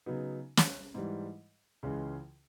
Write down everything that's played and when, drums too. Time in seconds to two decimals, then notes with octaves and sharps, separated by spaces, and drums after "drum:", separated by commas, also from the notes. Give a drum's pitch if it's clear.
0.06 C#3 F#3 B3 D#4
0.57 drum: snare
0.94 G#2 E3 G3
1.83 C#2 C#3 E3 G#3 C#4